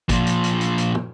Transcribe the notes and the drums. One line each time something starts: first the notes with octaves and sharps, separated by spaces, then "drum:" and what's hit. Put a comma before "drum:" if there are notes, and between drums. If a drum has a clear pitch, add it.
A#2 F3, drum: kick G#1, hi-hat
drum: hi-hat
drum: hi-hat
drum: hi-hat
drum: hi-hat
drum: tom